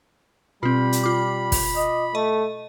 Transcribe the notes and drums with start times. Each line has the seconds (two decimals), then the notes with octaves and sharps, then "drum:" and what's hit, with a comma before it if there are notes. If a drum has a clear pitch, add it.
0.63 B2 G3 C4 F4 B5
0.92 drum: hi-hat
1.04 F4 D6
1.52 drum: kick, open hi-hat
1.75 D#5
2.15 A3 D#5